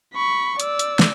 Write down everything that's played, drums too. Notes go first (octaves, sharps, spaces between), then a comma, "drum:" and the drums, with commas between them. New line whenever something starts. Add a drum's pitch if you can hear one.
B5 C#6
D5 E6, drum: hi-hat
drum: hi-hat
drum: snare